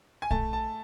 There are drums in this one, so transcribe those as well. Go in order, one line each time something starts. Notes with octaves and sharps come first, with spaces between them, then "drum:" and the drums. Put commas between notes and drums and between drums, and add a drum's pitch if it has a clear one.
G#5
A3 A5, drum: kick A#1
A5